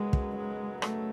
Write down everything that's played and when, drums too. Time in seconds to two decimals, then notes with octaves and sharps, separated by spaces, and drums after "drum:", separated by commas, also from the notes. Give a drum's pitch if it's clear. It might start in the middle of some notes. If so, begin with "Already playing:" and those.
Already playing: F#2 C#3 F#3 G#3 B3 D#4
0.13 drum: kick
0.36 G#3
0.82 A3, drum: rim click